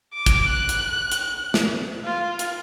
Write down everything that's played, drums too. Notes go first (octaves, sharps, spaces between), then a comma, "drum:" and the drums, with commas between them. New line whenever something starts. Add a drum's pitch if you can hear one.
D6
drum: kick, hi-hat
F#6
drum: hi-hat
drum: hi-hat
drum: snare
F4
drum: hi-hat